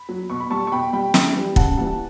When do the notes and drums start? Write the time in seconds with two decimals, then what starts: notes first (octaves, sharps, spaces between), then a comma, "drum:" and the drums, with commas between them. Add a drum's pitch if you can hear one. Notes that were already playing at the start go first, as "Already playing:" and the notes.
Already playing: B5
0.09 F#3
0.30 B2 C#6
0.40 B5
0.50 G3 A5 C#6
0.67 C#6
0.72 B2 G5 B5
0.93 G3 G5 B5
1.14 C#3, drum: snare
1.36 E3 G3
1.56 C#3 F#5 A5, drum: kick
1.77 E3 G3 F#5 A5